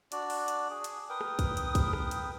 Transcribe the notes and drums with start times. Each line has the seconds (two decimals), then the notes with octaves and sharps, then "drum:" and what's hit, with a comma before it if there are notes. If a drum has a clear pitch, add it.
0.12 D4 F#4 D5, drum: hi-hat
0.30 drum: open hi-hat
0.48 drum: hi-hat
0.70 G#4
0.84 drum: hi-hat
1.09 A#4 B4 G5 D#6
1.21 drum: rim click
1.39 drum: kick A#1, hi-hat
1.57 drum: hi-hat
1.75 drum: kick A#1, hi-hat
1.93 drum: rim click
2.11 drum: hi-hat